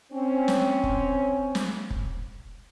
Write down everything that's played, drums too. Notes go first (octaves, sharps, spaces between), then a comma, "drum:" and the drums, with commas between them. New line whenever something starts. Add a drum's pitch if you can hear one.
C4 C#4
drum: snare
drum: kick
drum: snare
drum: kick